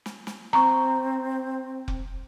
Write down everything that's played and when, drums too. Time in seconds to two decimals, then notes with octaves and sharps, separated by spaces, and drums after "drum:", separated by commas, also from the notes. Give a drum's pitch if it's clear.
0.06 drum: snare
0.27 drum: snare
0.53 C4 A#5 C#6, drum: rim click
1.88 drum: kick F1